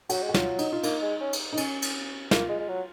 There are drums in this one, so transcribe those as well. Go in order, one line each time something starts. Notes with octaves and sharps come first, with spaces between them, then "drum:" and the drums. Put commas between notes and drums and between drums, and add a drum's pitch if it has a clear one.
F#3 F#4, drum: cymbal
G#3
F#4
F#3 F4, drum: snare
D#4, drum: cymbal
F4
A#3 D#4, drum: cymbal
G#3
C#4
drum: cymbal
D#4
C#4, drum: cymbal
drum: cymbal
A#3 F4, drum: snare
G#3
G#3
F#3